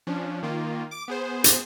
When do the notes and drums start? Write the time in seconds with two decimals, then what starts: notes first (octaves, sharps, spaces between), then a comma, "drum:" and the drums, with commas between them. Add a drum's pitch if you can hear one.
0.07 F3 C#4 D4
0.43 D#3 A#3 F4
0.91 D6 D7
1.08 B3 G#4 C5
1.44 drum: hi-hat